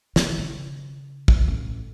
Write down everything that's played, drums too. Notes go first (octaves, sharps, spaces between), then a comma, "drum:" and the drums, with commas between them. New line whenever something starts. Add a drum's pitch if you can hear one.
E4, drum: snare
C#3
drum: kick
A1